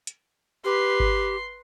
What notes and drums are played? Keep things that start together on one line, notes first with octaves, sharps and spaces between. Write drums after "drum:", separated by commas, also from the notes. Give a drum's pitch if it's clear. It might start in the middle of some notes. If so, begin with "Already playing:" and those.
drum: hi-hat
G4 B4 C6
drum: kick G1